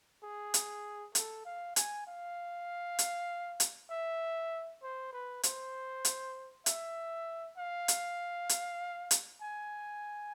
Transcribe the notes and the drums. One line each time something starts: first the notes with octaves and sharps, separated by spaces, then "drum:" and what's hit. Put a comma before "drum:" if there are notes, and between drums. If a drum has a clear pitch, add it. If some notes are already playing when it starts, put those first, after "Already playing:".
G#4
drum: hi-hat
A4, drum: hi-hat
F5
G#5, drum: hi-hat
F5
drum: hi-hat
drum: hi-hat
E5
C5
B4
C5, drum: hi-hat
drum: hi-hat
E5, drum: hi-hat
F5
drum: hi-hat
drum: hi-hat
drum: hi-hat
G#5